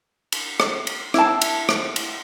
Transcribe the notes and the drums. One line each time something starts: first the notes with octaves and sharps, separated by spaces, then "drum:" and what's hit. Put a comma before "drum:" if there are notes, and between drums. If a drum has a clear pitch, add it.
drum: cymbal
drum: rim click
drum: cymbal
E4 A5, drum: rim click
drum: cymbal
drum: rim click
drum: cymbal